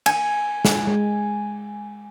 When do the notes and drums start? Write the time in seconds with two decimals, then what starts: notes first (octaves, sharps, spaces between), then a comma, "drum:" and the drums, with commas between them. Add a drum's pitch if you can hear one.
0.06 G#5, drum: cymbal
0.65 drum: snare
0.87 G#3